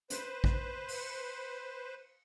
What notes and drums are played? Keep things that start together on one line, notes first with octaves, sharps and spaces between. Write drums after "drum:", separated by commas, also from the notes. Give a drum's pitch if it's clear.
B4 C5, drum: hi-hat
drum: kick
drum: open hi-hat